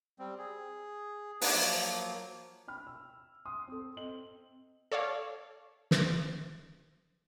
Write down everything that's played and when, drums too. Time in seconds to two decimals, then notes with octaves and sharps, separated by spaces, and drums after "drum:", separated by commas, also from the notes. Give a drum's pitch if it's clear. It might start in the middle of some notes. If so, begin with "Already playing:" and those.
0.19 G3 C4
0.38 G#4
1.41 A3 B3 D4 D#4 G4 B4, drum: open hi-hat
1.54 F3 F#3 A#3
2.68 G5 B5 F6
2.87 E6
3.45 C6 D#6
3.68 C4 A4
3.97 C4 D#5 F#7
4.92 A4 C#5 D5 F5
5.91 drum: snare